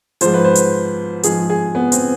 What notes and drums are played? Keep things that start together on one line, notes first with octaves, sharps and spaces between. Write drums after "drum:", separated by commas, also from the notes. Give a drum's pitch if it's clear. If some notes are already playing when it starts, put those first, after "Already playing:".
G#2 F3 C5, drum: hi-hat
B4
C5
drum: hi-hat
G#2 F3 G#4, drum: hi-hat
G#4
B3
C4, drum: hi-hat